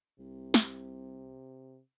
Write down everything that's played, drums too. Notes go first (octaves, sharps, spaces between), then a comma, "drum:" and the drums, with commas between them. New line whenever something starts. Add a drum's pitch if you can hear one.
C2 C3
drum: snare